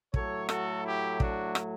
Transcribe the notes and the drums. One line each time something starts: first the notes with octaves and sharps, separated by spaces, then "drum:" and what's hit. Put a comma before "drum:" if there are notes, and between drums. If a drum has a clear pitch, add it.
A2 F#3 A3 A4 C#5, drum: kick
F#4 A4, drum: rim click
E4 G4
D4 F#4, drum: kick
drum: rim click